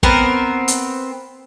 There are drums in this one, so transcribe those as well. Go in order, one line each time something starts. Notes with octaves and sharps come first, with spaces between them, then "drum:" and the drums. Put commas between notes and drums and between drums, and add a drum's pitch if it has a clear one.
B3 C4 A#4, drum: kick
drum: hi-hat